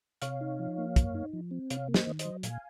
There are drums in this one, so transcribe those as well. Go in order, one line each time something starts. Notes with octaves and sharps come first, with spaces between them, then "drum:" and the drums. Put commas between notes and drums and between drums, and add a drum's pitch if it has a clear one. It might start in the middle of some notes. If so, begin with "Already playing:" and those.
C3 C#5 F5, drum: hi-hat
D#4
F3
A#3
F#2, drum: kick, hi-hat
D#4
F3
C4
C3 C#5 F5, drum: hi-hat
A#3
C5 D#5, drum: snare
D#3
C5 D#5, drum: hi-hat
F#3
A#2 F5 G#5, drum: hi-hat